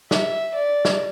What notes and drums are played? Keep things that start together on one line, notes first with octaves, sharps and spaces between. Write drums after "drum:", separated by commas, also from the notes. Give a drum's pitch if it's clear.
E5, drum: snare
D5
drum: snare